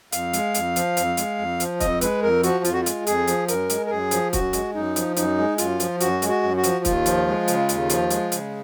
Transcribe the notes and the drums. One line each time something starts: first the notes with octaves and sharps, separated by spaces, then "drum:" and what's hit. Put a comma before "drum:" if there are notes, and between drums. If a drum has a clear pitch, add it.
F2 F5, drum: hi-hat
G#3, drum: hi-hat
F2, drum: hi-hat
F3, drum: hi-hat
F2, drum: hi-hat
G#3, drum: hi-hat
F2
F3, drum: hi-hat
F2 D#5, drum: kick, hi-hat
G#3 B4, drum: hi-hat
F2 A#4
F3 F#4, drum: hi-hat
F2 F4, drum: hi-hat
F#4
F4
G#3, drum: hi-hat
F2 G#4, drum: hi-hat
F3, drum: hi-hat
F#2 A#4, drum: hi-hat
G#3, drum: hi-hat
A#4
F#2 G#4
F3, drum: hi-hat
F#2 F#4, drum: kick, hi-hat
G#3, drum: hi-hat
F#2 D#4
F3, drum: hi-hat
F#2 D#4, drum: hi-hat
G#3
F#2 F4, drum: hi-hat
F3, drum: hi-hat
F#2 F#4, drum: hi-hat
G#3, drum: hi-hat
F#4
F#2
F#4
F3, drum: hi-hat
D#2 F4, drum: kick, hi-hat
F3, drum: hi-hat
G#3
C#3, drum: hi-hat
D#2, drum: hi-hat
F3, drum: hi-hat
G#3, drum: hi-hat
C#3, drum: hi-hat